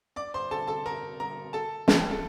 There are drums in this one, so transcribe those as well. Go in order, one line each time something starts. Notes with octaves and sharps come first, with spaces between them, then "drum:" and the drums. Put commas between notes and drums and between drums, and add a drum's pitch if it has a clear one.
D5 D6
C5 C6
A4 A5
A4 A5
A#4 A#5
A#4 A#5
A4 A5
A5, drum: snare
G5
A4 A5